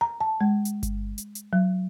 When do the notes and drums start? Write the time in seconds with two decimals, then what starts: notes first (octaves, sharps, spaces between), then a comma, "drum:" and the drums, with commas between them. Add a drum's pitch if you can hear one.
0.01 A#5
0.21 A5
0.41 G#3
0.65 drum: hi-hat
0.83 drum: kick G1, hi-hat
1.18 drum: hi-hat
1.35 drum: hi-hat
1.53 F#3